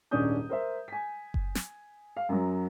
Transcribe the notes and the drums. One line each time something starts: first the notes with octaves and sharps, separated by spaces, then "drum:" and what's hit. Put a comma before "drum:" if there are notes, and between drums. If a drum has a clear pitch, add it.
D#1 G#2 C#4 D4 D#6 G6
A#4 C5 E5
G#5 B6
drum: kick F#1
drum: snare
F5
F#2 F#3